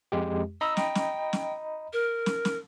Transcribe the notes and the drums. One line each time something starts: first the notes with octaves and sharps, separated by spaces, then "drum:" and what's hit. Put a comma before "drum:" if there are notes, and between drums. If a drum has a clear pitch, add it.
F2 G#3 G4
D#5 A#5 B5 E6
G5, drum: snare
drum: snare
drum: snare
A#4
drum: snare
drum: snare